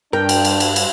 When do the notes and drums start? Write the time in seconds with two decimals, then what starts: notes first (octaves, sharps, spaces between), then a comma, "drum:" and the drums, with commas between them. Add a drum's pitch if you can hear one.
0.13 G2 D4 A#4 G5
0.29 drum: cymbal
0.45 drum: cymbal
0.60 drum: cymbal
0.76 drum: cymbal